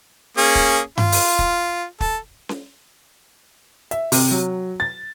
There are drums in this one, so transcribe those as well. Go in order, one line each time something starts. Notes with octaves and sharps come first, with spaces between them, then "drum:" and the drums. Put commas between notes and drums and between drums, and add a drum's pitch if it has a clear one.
A#3 C#4 G#4
drum: kick
F4, drum: tom G2
drum: open hi-hat
drum: kick
A4, drum: kick
drum: snare C#4
E5, drum: hi-hat
C3, drum: open hi-hat
F#3
A6